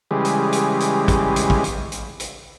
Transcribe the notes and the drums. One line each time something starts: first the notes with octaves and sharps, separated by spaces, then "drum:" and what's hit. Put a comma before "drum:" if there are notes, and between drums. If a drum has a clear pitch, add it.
C#3 E3 G3 G#3
drum: hi-hat
drum: hi-hat
drum: hi-hat
drum: kick, hi-hat
drum: hi-hat
drum: kick
drum: hi-hat
drum: hi-hat
drum: hi-hat